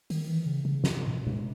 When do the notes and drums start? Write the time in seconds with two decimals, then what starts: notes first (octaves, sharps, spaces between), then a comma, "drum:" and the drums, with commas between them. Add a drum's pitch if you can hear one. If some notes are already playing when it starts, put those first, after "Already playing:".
0.10 D#3, drum: open hi-hat
0.28 E3
0.46 C#3
0.65 C#3
0.84 C3, drum: snare
1.07 A2
1.27 drum: tom C3